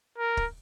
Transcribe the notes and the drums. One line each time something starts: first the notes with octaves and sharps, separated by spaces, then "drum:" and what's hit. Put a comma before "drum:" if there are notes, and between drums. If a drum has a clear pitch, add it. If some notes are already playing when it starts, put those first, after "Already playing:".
A#4
drum: kick